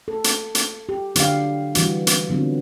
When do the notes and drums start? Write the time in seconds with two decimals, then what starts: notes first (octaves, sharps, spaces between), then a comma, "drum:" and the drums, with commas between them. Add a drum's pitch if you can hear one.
0.08 A4
0.24 drum: hi-hat
0.55 drum: hi-hat
0.89 G4
1.16 D3 F#3 D4 G4 F5, drum: hi-hat
1.75 E3 G3 F#4, drum: hi-hat
2.07 drum: hi-hat
2.29 D3 F#3 B3 C4 F4